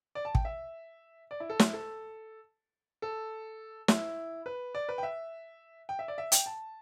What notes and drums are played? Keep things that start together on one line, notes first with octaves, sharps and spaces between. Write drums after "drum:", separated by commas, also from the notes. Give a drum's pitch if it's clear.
D5
A5
G5, drum: kick
E5
D5
E4
A4
E4, drum: snare
A4
A4
E4, drum: snare
B4
D5
B4
G5
E5
G5
E5
D5
E5
G5, drum: hi-hat
A5